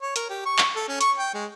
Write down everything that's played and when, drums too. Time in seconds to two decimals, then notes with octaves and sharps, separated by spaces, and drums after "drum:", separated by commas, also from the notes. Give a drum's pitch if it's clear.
0.02 C#5
0.16 A#4, drum: hi-hat
0.30 G4
0.45 C#6
0.58 drum: clap
0.76 A4
0.89 C#4
1.01 C#6, drum: hi-hat
1.18 G5
1.34 G#3